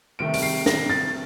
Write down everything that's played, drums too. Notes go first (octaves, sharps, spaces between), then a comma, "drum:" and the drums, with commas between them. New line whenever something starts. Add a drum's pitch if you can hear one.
C2 C3 D#3 A3 D7
D7, drum: open hi-hat
C7
A#6, drum: snare
A6